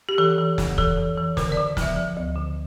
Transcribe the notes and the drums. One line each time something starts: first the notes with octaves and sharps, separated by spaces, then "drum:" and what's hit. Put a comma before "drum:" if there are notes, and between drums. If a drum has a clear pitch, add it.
G4
E3 A4
E3
F2, drum: snare
E3 A4, drum: kick
E3
E3
D3 A#4, drum: snare
D5
D3
F3, drum: snare
E5
F3
D2
D3